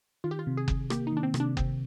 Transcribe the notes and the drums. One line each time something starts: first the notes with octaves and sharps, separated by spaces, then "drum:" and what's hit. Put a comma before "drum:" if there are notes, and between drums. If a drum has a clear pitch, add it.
D#3 F4
G4
F4
C3
G#4
C3, drum: kick F#1
A#3 G4, drum: rim click
D#4
D#3 D4
C4
C3, drum: rim click
D4
C3 C4, drum: kick F#1